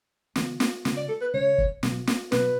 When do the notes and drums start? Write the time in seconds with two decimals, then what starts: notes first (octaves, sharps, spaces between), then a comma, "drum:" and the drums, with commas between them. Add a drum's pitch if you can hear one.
0.36 C#3 E3 G#3 B3, drum: snare
0.60 drum: snare
0.85 C#3 G#3 C#4, drum: snare
0.97 D5
1.09 A4
1.21 B4
1.34 C#3 G#3 C#4 C#5
1.58 drum: kick
1.83 B2 F#3 B3, drum: snare
2.07 drum: snare
2.32 B2 F#3 B3 B4, drum: snare